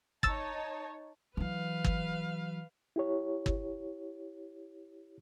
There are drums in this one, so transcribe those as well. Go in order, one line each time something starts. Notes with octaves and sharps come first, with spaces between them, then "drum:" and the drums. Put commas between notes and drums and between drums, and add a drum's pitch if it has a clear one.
D#4 C#5 A5 E6 A6, drum: kick
E3 F#3 B4 F5
drum: kick
E4 G4 C#5
drum: kick